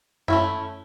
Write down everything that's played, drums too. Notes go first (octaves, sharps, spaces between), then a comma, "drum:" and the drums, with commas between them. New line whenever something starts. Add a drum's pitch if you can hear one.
A3 C#4 E4, drum: tom F#2